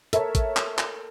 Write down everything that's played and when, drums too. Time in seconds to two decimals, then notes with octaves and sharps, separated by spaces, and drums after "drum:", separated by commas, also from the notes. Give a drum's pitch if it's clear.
0.13 A4 A#4 C#5 E5, drum: hi-hat
0.35 drum: kick, hi-hat
0.57 drum: clap
0.78 drum: clap